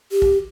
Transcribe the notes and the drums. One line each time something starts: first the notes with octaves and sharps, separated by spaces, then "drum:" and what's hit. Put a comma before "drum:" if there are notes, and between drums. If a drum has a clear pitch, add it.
G4
drum: kick